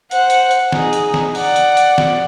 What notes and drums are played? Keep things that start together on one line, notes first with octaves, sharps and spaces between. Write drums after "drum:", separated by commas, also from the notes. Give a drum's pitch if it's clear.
C5 F#5, drum: hi-hat
drum: hi-hat
drum: hi-hat
D#4 G#4, drum: snare
drum: hi-hat
drum: snare
D5 F#5, drum: open hi-hat
drum: hi-hat
drum: hi-hat
drum: snare